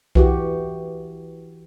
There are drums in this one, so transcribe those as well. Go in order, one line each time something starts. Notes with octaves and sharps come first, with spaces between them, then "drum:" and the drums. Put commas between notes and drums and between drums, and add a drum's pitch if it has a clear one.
E3 F#4 G4, drum: kick B1